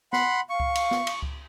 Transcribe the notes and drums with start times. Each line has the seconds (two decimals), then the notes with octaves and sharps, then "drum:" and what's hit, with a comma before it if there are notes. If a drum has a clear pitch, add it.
0.13 F#5 B5 C6, drum: snare
0.50 F5 C#6
0.60 drum: kick C#2
0.75 drum: cymbal
0.91 drum: snare
1.07 drum: cymbal
1.22 drum: kick C#2